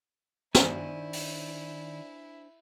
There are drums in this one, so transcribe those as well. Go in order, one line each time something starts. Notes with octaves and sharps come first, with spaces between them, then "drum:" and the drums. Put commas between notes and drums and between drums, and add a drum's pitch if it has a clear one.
D#3 D4 E4 C5 D5 G#5, drum: snare
drum: open hi-hat